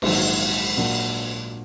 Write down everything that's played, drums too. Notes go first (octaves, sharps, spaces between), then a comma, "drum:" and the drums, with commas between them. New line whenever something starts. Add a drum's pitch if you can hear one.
A#1 G#2 D#3 F#3, drum: cymbal
A#2 F#3 A#3 D4 F#4